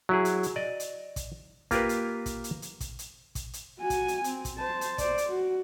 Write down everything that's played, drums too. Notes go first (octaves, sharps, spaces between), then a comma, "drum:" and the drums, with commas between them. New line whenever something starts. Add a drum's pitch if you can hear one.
F#3 E4 G#4
drum: hi-hat
drum: hi-hat
D5 D#5
drum: hi-hat
drum: kick, hi-hat
A#3 F4 G4 A#4 B4, drum: kick, hi-hat
drum: hi-hat
drum: kick, hi-hat
drum: hi-hat
drum: hi-hat
drum: kick, hi-hat
drum: hi-hat
drum: kick, hi-hat
drum: hi-hat
F#4 G#5
drum: kick, hi-hat
drum: hi-hat
C4, drum: hi-hat
drum: kick, hi-hat
C5 A5
drum: hi-hat
C5 D5, drum: kick, hi-hat
drum: hi-hat
F#4